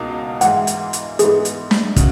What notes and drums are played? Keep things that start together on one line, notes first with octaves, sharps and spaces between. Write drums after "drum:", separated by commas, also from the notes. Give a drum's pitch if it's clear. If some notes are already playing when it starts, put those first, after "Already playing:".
Already playing: C#2 B2 A#3 D#4
G#2 E3 A#3 E4 G#4 F#5, drum: hi-hat
drum: hi-hat
drum: hi-hat
G#2 E3 G#3 B3 D#4 G#4, drum: hi-hat
drum: hi-hat
drum: snare
C#3 F#4, drum: kick, hi-hat